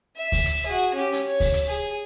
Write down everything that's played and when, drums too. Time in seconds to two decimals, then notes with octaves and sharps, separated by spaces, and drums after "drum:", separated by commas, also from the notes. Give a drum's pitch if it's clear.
0.17 E5
0.32 drum: kick D2, open hi-hat
0.46 drum: hi-hat
0.66 F#4 G#4
0.94 C#4 G4
1.13 drum: hi-hat
1.27 C#5
1.40 drum: kick D2, open hi-hat
1.54 drum: hi-hat
1.68 G#4